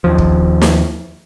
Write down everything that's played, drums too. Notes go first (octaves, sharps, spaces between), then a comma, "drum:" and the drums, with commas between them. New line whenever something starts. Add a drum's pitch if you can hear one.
D#2 F3
drum: kick
drum: snare